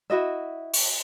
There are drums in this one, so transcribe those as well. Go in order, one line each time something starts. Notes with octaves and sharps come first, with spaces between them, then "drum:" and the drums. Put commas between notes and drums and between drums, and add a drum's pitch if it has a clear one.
E4 F#4 D#5 E5
drum: open hi-hat